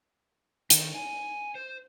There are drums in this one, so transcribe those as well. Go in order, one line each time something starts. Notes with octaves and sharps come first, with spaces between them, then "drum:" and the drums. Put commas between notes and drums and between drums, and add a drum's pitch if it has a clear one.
D#3, drum: hi-hat
G#5
C5